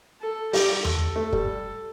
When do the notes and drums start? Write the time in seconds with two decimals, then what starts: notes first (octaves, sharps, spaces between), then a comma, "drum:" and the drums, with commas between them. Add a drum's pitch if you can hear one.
0.21 A4
0.53 G3 G4, drum: open hi-hat
0.85 A4, drum: tom E2
1.16 A3
1.33 G3, drum: kick